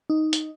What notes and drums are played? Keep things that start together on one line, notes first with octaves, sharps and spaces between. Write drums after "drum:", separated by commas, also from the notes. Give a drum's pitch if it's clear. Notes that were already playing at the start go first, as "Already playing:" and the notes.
D#4
drum: hi-hat